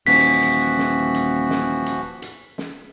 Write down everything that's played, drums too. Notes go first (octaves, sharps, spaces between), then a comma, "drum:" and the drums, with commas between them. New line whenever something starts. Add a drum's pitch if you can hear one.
D#1 E3 F3 F#4 B6, drum: open hi-hat
drum: hi-hat
drum: snare
drum: hi-hat
drum: snare
drum: hi-hat
drum: hi-hat
drum: snare